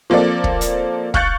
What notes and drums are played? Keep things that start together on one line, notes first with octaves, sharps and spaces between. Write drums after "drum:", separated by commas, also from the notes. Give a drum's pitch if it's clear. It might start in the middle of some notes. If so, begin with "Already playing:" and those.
F3 A#3 C4 A4 D5
drum: kick
drum: hi-hat
F5 C#6 F#6 G6 A6 C#7, drum: kick